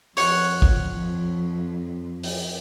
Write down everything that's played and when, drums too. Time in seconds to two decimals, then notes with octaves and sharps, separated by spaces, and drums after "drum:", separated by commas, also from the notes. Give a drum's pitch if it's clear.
0.17 F2 C#5 F#5, drum: open hi-hat
0.62 drum: kick
2.23 drum: open hi-hat